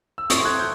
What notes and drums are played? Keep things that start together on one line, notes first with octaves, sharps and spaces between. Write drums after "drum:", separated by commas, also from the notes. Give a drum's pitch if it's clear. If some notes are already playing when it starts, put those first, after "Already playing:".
E6
A2 E3 A3 C4 C#6 D#6, drum: hi-hat
F#6 G#6
G6